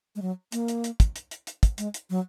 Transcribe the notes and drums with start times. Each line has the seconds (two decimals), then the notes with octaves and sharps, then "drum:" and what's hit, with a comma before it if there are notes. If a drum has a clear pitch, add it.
0.16 G#3
0.22 F#3
0.52 A#3, drum: hi-hat
0.68 drum: hi-hat
0.84 drum: hi-hat
1.00 drum: kick, hi-hat
1.16 drum: hi-hat
1.31 drum: hi-hat
1.47 drum: hi-hat
1.63 drum: kick, hi-hat
1.78 G#3, drum: hi-hat
1.94 drum: hi-hat
2.10 F#3